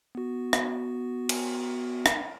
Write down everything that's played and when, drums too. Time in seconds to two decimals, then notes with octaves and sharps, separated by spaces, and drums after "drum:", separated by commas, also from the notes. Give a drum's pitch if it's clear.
0.15 B3 F#4
0.53 drum: rim click
1.29 drum: cymbal
2.06 drum: rim click